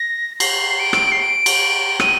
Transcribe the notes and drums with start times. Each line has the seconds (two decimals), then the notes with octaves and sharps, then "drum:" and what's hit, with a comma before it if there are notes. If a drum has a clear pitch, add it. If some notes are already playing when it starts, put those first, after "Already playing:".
Already playing: A#6
0.40 C7, drum: cymbal
0.80 D7
0.93 drum: rim click
1.12 C7
1.19 D7
1.46 drum: cymbal
2.00 D#7, drum: rim click